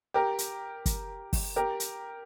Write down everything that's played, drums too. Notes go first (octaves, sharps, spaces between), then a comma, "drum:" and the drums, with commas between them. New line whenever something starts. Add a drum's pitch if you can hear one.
G4 A#4
drum: hi-hat
drum: kick, hi-hat
drum: kick, open hi-hat
G4 A#4
drum: hi-hat